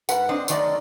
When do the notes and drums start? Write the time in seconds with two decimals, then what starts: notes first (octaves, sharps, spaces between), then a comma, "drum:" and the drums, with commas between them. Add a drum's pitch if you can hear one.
0.09 G#2 B4 F#5, drum: tambourine
0.29 C4 D4 C5 D#5
0.48 F#2 D#3 A3 A#3 D5 D#5, drum: tambourine